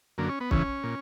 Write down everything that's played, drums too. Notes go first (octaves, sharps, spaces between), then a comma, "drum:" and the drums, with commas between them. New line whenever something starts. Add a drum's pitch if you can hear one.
F#2 D3 A#3
C#4
B3
E2 C#3 E3 C#4, drum: kick
A#2